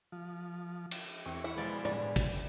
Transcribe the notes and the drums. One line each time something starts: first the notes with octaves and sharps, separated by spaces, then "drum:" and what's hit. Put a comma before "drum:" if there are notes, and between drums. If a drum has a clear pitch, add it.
F3
drum: cymbal
E2 C4 C#6
E4 F#5
B2 F3 G#3 B4 D5
D3 G3 D5, drum: tom
drum: kick, cymbal